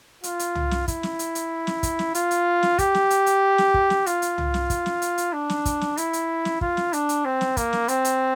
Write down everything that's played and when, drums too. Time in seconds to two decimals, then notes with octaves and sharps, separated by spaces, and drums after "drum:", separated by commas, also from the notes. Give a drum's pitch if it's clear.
0.23 F4, drum: hi-hat
0.39 drum: hi-hat
0.55 drum: tom
0.71 drum: snare
0.88 E4, drum: kick, hi-hat
1.03 drum: snare
1.19 drum: hi-hat
1.35 drum: hi-hat
1.67 drum: snare
1.83 drum: kick, hi-hat
1.99 drum: snare
2.15 F4, drum: hi-hat
2.31 drum: hi-hat
2.63 drum: snare
2.79 G4, drum: kick, hi-hat
2.94 drum: snare
3.10 drum: hi-hat
3.26 drum: hi-hat
3.58 drum: snare
3.74 drum: kick
3.90 drum: snare
4.06 F4, drum: hi-hat
4.22 drum: hi-hat
4.38 drum: tom
4.54 drum: snare
4.70 drum: kick, hi-hat
4.86 drum: snare
5.02 drum: hi-hat
5.18 drum: hi-hat
5.33 D4
5.50 drum: snare
5.65 drum: kick, hi-hat
5.81 drum: snare
5.97 E4, drum: hi-hat
6.13 drum: hi-hat
6.45 drum: snare
6.61 F4, drum: kick
6.77 drum: snare
6.93 D4, drum: hi-hat
7.09 drum: hi-hat
7.25 C4
7.41 drum: snare
7.57 A#3, drum: kick, hi-hat
7.73 drum: snare
7.88 C4, drum: hi-hat
8.05 drum: hi-hat